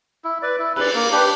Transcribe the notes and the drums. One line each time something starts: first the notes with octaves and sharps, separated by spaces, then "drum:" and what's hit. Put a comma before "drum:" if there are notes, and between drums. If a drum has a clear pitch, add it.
E4
B4 D5
E4
B4 D5, drum: cymbal
A#3
D4 G4 B4